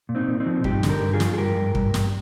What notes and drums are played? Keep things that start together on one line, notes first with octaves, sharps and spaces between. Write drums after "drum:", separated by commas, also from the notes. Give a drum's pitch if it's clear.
A#2
C4 D#4
A#2
C4 D#4
F3
G2 D#4 G4, drum: kick
D3, drum: snare
G4 A#4
G2
F4 G#4
F3, drum: snare
G#4
G2 G4 A#4
G2
G2, drum: kick
G2, drum: snare